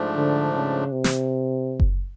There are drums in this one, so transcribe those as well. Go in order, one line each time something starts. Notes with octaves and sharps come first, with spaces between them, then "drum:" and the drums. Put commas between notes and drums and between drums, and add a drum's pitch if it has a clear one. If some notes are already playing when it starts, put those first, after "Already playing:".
Already playing: G#2 F3 A3 D4
D3
C#3
C3
drum: snare
drum: kick F#1